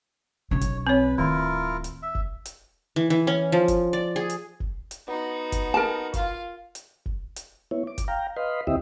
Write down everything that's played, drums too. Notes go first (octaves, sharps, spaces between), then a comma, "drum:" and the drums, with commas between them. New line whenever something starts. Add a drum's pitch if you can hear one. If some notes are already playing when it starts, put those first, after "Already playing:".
B1 C#4 C#5
drum: kick F#1, hi-hat
C4 B4 C#5
D1 D#3 E4 F4 A#4
drum: hi-hat
E5
drum: kick F#1
drum: hi-hat
E3
E3
C#4
F3
drum: kick F#1, hi-hat
D5
G#4
drum: hi-hat
drum: kick F#1
drum: hi-hat
B3 D#4 F#4
drum: kick F#1, hi-hat
A#4 A5
F4 F5, drum: kick F#1, hi-hat
drum: hi-hat
drum: kick F#1
drum: hi-hat
B3 E4 C#5
D6
drum: kick F#1, hi-hat
F5 G5 A#5
B4 D#5 F5 B5 C6
D2 C4 E4 G4 D#5 E5